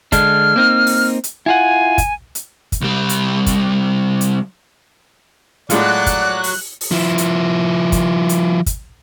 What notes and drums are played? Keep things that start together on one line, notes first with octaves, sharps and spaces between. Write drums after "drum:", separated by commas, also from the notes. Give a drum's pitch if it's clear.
D3 G#3 D4 F6, drum: kick, hi-hat
A#3 C4 D#4
drum: open hi-hat
drum: hi-hat
E4 F4 F#5 G#5
drum: kick, hi-hat
drum: hi-hat
drum: kick, hi-hat
C2 G3
drum: hi-hat
drum: kick, hi-hat
drum: hi-hat
A2 F#3 G#3 F4 F#4 D5 F#6, drum: hi-hat
drum: kick, hi-hat
drum: open hi-hat
drum: open hi-hat
F3 E4
drum: hi-hat
drum: kick, hi-hat
drum: hi-hat
drum: kick, hi-hat